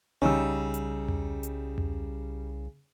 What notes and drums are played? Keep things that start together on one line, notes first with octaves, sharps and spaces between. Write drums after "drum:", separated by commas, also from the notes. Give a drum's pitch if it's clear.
C2 C#3 G3 C#4 D#4 E6
drum: hi-hat
drum: tom E2
drum: hi-hat
drum: tom E2